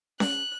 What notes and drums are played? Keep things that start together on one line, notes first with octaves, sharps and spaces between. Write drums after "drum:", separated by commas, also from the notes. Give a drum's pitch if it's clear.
F#6, drum: snare C#4